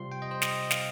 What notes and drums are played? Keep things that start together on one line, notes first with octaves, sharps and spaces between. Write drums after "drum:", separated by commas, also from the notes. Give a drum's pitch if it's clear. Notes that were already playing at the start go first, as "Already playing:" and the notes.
Already playing: C3 G3 C4 F4 C6
G5
D#5
C5
D#5, drum: snare
F5, drum: snare